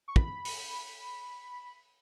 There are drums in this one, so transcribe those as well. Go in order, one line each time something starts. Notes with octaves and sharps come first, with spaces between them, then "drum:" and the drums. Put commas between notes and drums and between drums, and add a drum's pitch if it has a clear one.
C#6
B5, drum: kick
drum: open hi-hat